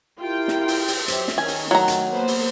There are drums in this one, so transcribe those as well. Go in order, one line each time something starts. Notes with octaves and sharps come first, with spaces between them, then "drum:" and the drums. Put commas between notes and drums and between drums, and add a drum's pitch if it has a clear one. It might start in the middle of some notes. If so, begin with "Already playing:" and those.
E4 F4 G4 A#4 G5
drum: snare
drum: open hi-hat
drum: open hi-hat
F#3 G4 C5 E5, drum: hi-hat
drum: snare
D#3 C#4 G#5
drum: open hi-hat
F#3 A3 A#5
drum: hi-hat
A#3 B3 C5
drum: open hi-hat